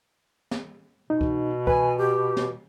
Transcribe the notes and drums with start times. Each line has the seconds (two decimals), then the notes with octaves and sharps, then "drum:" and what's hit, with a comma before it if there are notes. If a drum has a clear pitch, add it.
0.51 drum: snare
1.10 B2 D#4
1.21 drum: kick C2
1.67 B4 G#5, drum: kick C2
1.98 G4
2.37 drum: snare